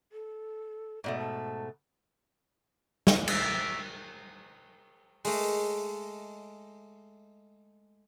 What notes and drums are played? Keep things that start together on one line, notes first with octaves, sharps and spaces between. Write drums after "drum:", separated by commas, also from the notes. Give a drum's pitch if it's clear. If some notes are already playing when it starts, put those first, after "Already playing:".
A4
G#2 B2 A3 D5
A5
drum: snare
A#4 D5 E5, drum: cymbal
G#3 A3, drum: open hi-hat